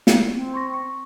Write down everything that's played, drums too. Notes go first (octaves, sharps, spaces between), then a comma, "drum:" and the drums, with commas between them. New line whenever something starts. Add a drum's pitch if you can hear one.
drum: snare
C4
C6 C#6 A#6
C#6